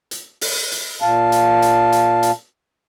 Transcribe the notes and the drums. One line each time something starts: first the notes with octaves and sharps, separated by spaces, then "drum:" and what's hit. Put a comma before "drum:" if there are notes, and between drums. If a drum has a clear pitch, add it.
drum: hi-hat
drum: open hi-hat
drum: hi-hat
A#2 F5 A5
drum: hi-hat
drum: hi-hat
drum: hi-hat
drum: hi-hat